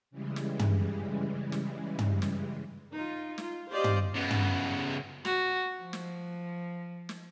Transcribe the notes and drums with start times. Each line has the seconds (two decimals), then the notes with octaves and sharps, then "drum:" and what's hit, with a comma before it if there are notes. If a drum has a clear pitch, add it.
0.11 C#3 E3 G3 G#3
0.36 drum: snare
0.59 drum: tom
1.52 drum: snare
1.99 drum: tom
2.22 drum: snare
2.91 D#4 F4
3.38 F4, drum: snare
3.69 G4 C5 D5 D#5 F5
3.84 drum: tom
4.15 C#3 B3
4.31 drum: tom
5.25 F#4, drum: snare
5.79 F3
5.93 drum: snare
7.09 drum: snare